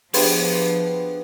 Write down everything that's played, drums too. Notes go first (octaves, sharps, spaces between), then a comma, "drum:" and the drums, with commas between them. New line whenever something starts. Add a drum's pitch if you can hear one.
F3 B3 D4 G4 G#4 C5 G5, drum: open hi-hat